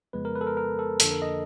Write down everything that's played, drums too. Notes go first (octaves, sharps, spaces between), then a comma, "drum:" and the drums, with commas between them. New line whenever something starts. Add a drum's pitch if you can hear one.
F2 C#3 F3 G#3 B3 B4
A#4
B4
A4
A#4
A#4
A4
F2 D3 F3 A#3 D4 A4, drum: hi-hat
A#4
D#5